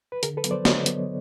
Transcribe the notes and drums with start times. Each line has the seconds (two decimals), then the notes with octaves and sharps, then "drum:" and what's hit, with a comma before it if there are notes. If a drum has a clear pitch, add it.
0.12 B4
0.23 D3 G#4 A#4, drum: hi-hat
0.37 A4 B4
0.44 F#3 B3, drum: hi-hat
0.51 C5 D5
0.65 D3 C#5 D#5, drum: snare
0.86 F#3 B3, drum: hi-hat